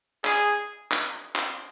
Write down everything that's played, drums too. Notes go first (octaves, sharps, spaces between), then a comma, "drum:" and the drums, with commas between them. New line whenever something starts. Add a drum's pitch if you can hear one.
G#4, drum: clap
drum: clap
drum: clap